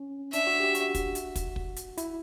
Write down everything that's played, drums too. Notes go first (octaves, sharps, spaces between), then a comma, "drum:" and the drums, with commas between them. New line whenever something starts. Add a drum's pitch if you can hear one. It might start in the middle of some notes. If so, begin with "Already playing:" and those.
Already playing: C#4
D4 E5, drum: hi-hat
F#4
G4
F#4, drum: hi-hat
drum: kick, hi-hat
drum: hi-hat
drum: kick, hi-hat
drum: kick
drum: hi-hat
E4, drum: hi-hat